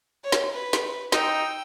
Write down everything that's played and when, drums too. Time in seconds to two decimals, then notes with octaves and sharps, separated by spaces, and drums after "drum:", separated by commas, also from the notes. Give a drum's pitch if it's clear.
0.23 C#5
0.32 drum: snare
0.53 B4
0.73 drum: snare
1.12 D#4 G5 E6, drum: snare